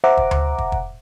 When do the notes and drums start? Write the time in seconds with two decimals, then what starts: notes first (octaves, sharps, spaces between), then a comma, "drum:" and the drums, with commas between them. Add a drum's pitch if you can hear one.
0.04 C5 E5 F#5 A#5 D6
0.17 drum: kick
0.31 drum: tom D2
0.58 drum: kick
0.72 drum: kick